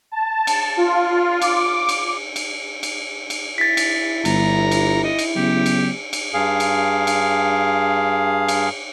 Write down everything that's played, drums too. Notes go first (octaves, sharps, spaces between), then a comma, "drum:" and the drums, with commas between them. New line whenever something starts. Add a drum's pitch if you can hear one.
A5
drum: cymbal
F4
D6, drum: cymbal
drum: cymbal
drum: cymbal
drum: cymbal
drum: cymbal
E4 A6 B6
drum: cymbal
G1 A#5, drum: cymbal
drum: cymbal
D#5
drum: cymbal
C#3 F#3 B3 G4
drum: cymbal
drum: cymbal
G2 G#4 F5
drum: cymbal
drum: cymbal
drum: cymbal